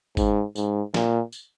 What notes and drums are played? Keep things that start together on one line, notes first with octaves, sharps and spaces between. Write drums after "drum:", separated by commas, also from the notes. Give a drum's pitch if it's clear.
G#2, drum: kick G1, tambourine
G#2, drum: tambourine
A#2, drum: snare
drum: tambourine